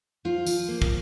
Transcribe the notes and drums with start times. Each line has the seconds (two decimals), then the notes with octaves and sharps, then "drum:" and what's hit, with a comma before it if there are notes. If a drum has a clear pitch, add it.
0.25 F3 F4
0.46 F3, drum: tambourine
0.68 A#3
0.82 drum: kick